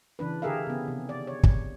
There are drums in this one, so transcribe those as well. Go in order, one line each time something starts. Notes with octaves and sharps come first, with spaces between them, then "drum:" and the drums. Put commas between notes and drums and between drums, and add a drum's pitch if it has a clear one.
C#3 E3 D4 B4
D3 G4 G#4 A#4 E5 F5
C#3 B3
C3 D#3
D5
C#5
drum: kick